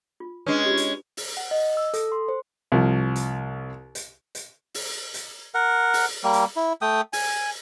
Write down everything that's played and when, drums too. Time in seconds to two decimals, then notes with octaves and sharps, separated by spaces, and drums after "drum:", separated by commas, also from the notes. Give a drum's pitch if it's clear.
0.20 F4
0.46 G#3 C#4 D4 B4 D#6
0.66 F4 G4
0.77 drum: hi-hat
1.17 drum: open hi-hat
1.37 F#5
1.51 D#5
1.77 E6
1.94 A4, drum: hi-hat
2.12 C6
2.28 C5
2.72 C2 F3
3.16 drum: hi-hat
3.95 drum: hi-hat
4.35 drum: hi-hat
4.74 drum: open hi-hat
5.14 drum: hi-hat
5.54 A#4 F#5
5.94 drum: open hi-hat
6.24 G3 A#3
6.33 drum: hi-hat
6.56 E4
6.82 A3 G5 D#6
7.13 G#5, drum: open hi-hat